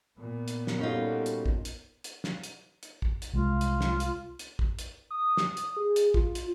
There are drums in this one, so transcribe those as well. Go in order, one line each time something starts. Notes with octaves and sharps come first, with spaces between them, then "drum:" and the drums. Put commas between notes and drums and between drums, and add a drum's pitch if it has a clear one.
A#2 B3
drum: hi-hat
drum: snare
G3 C#4 D#4 F4 F#4 A4
drum: hi-hat
drum: kick
drum: hi-hat
drum: hi-hat
drum: snare
drum: hi-hat
drum: hi-hat
drum: kick
drum: hi-hat
C2 G#3 F4
drum: hi-hat
drum: snare
drum: hi-hat
drum: hi-hat
drum: kick
drum: hi-hat
D#6
drum: snare
drum: hi-hat
G#4
drum: hi-hat
F4, drum: kick
drum: hi-hat